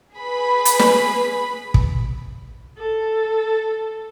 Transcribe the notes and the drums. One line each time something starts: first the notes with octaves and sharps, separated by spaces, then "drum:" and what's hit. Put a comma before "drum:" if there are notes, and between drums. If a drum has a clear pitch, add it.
G#4 B4 B5
drum: hi-hat
drum: snare
drum: kick
A4